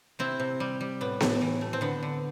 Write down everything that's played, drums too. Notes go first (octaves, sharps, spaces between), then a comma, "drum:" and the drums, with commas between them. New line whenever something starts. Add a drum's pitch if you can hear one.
C3 C4 E4
C3
G3
G3
A2 B3
A2, drum: snare B3
E3
A3
C4
D3 B3
D3